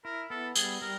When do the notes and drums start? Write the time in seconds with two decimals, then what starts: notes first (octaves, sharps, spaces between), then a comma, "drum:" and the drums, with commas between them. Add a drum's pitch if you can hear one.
0.04 E4 A#4
0.30 B3 A4
0.55 G3 G#4, drum: tambourine
0.82 G3 A#4